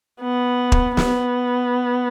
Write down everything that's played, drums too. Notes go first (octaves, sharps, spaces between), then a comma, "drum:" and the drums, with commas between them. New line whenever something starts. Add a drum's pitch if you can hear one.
B3
drum: kick
B3, drum: snare